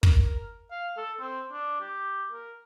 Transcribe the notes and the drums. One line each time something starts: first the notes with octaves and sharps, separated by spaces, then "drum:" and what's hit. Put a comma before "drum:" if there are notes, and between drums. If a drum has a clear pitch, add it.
A#4, drum: kick
F5
A4
C4
D4
G4
A#4